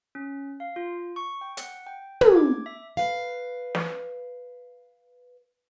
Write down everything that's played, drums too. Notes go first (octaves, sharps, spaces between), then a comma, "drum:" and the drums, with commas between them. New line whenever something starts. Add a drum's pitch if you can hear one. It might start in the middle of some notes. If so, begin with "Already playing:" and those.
C#4
F5
F4
C#6
G5
F#5, drum: hi-hat
G5
G#6, drum: tom
D6
E5
B4 F5
drum: snare